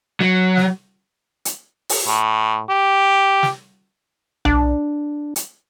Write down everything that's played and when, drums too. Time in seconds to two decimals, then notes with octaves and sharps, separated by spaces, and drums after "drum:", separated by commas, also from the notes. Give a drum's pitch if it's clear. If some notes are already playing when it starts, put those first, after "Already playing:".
0.21 F#3
0.57 drum: snare
1.45 drum: hi-hat
1.89 drum: open hi-hat
2.07 A2
2.70 G4
3.43 drum: snare
4.45 D4, drum: tom B1
5.36 drum: hi-hat